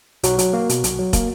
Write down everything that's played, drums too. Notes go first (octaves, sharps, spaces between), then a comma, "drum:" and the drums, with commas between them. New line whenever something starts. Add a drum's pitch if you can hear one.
B1 F#3 F#4, drum: hi-hat
F#3, drum: hi-hat
A#3
B2, drum: hi-hat
B1, drum: hi-hat
F#3
A#3, drum: kick, hi-hat